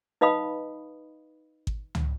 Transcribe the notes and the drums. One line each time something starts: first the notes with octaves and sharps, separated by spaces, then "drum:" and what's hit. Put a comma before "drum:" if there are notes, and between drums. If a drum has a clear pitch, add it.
D#4 B4 D#5 F5 B5 D#6
drum: kick G#1
drum: tom